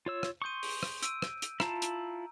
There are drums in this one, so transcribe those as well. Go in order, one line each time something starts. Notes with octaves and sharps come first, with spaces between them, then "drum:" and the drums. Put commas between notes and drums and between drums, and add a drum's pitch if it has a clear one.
F4 C#5 E6
drum: rim click
C6 C#6 D#6 G6 D#7
drum: open hi-hat
drum: rim click
E6 D7 D#7, drum: hi-hat
drum: rim click
drum: hi-hat
E4 F4 A5 A#5, drum: rim click
drum: hi-hat